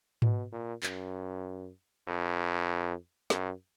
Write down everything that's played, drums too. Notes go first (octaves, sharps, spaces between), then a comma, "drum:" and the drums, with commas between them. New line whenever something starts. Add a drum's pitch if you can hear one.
B2, drum: tom G#2
A#2
F#2, drum: clap
F2
F#2, drum: snare